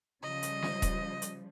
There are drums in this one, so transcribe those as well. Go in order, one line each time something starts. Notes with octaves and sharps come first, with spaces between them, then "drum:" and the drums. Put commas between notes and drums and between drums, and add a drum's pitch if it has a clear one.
C#3 F3 G3 D#5
drum: hi-hat
drum: snare
drum: kick D#1, hi-hat
drum: hi-hat